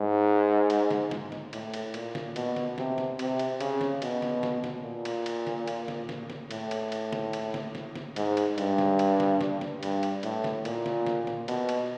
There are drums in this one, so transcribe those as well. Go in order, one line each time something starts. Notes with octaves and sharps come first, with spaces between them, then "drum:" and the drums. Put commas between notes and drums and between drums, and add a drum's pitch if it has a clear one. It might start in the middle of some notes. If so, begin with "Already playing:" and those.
Already playing: G#2
drum: cymbal
drum: snare
drum: snare
drum: snare
A2, drum: cymbal
drum: cymbal
A#2, drum: cymbal
drum: snare
B2, drum: cymbal
drum: snare
C3, drum: snare
drum: snare
C3, drum: cymbal
drum: cymbal
C#3, drum: cymbal
drum: snare
B2, drum: cymbal
drum: snare
drum: snare
drum: snare
A#2
drum: cymbal
drum: cymbal
drum: snare
drum: cymbal
drum: snare
drum: snare
drum: snare
A2, drum: cymbal
drum: cymbal
drum: cymbal
drum: snare
drum: cymbal
drum: snare
drum: snare
drum: snare
G#2, drum: cymbal
drum: cymbal
G2, drum: cymbal
drum: snare
drum: cymbal
drum: snare
drum: snare
drum: snare
G2, drum: cymbal
drum: cymbal
A2, drum: cymbal
drum: snare
A#2, drum: cymbal
drum: snare
drum: snare
drum: snare
B2, drum: cymbal
drum: cymbal